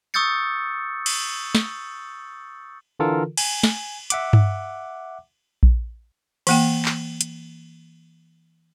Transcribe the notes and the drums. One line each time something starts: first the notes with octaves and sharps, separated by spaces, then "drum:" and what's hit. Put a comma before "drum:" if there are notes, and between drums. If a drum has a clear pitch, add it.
C#6 D#6 E6 G6 A6 C#7
drum: cymbal
drum: snare
D3 E3 F4 A4 A#4
G#5, drum: cymbal
drum: snare
E5 F#5 D6, drum: hi-hat
drum: tom G2
drum: kick A#1
E3 A#3 G5, drum: cymbal
drum: clap
drum: hi-hat